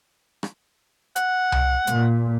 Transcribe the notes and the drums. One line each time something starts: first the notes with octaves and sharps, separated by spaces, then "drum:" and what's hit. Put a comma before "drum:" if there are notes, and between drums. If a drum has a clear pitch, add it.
drum: rim click
F#5, drum: hi-hat
drum: tom C2
A#2, drum: hi-hat